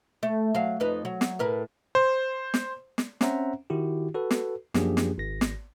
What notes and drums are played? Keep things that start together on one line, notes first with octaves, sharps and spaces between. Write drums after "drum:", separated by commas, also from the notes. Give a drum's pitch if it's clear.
A3
F#3 F5
F2 D#4 B4
F#3
drum: snare
A2 A#4 B4
C5
drum: snare
drum: snare
C4 C#4 C5 E5 F#5 A#5, drum: snare
D#3 E4 F#4 G4
F#4 A4 B4
drum: snare
F#2 F3 A#3 D4 G4 G#4, drum: snare
drum: snare
G#1 A#6
drum: snare